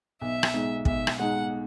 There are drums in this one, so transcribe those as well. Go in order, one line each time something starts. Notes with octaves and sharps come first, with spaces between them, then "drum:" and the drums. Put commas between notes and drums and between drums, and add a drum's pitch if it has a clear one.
B1 E5
drum: rim click
B2 G#3 D#4
B1 E5, drum: kick
drum: rim click
B2 G#3 D#4 F#5